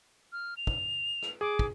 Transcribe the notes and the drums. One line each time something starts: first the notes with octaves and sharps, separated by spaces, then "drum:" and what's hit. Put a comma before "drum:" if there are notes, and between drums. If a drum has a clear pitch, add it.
F6
F7
drum: kick
drum: rim click
G#4 D6
drum: kick